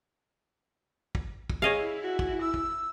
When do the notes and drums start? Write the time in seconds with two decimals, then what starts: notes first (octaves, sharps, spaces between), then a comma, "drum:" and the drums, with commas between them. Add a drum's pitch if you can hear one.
1.15 drum: kick
1.50 drum: kick
1.62 E4 G#4 C#5 D#5 F5
2.02 F#4
2.19 drum: kick
2.41 E6
2.54 drum: kick